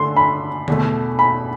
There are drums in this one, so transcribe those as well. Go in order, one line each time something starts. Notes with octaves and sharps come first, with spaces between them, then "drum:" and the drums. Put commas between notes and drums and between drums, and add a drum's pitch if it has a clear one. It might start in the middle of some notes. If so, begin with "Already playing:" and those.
Already playing: D3 A3 D4 C6
B5
E2 B2 A3, drum: tom D3
B5